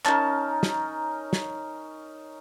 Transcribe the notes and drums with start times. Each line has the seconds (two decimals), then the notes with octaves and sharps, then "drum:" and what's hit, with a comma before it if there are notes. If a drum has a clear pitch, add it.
0.06 C#4 D#4 A#4 A5, drum: clap
0.63 drum: snare
1.33 drum: snare